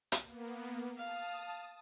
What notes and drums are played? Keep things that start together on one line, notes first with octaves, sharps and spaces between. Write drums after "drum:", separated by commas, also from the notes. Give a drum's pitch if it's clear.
drum: hi-hat
A#3 B3
F5 A5 D#6